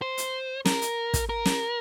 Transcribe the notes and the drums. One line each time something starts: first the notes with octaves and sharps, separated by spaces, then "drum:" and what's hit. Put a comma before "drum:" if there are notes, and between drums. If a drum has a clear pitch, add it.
C5
drum: hi-hat
A#4, drum: snare
drum: hi-hat
drum: kick, hi-hat
A#4
drum: snare